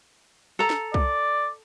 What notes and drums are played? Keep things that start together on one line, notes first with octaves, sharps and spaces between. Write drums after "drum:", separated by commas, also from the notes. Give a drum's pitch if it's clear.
A4 A#5
drum: snare
D5, drum: kick C2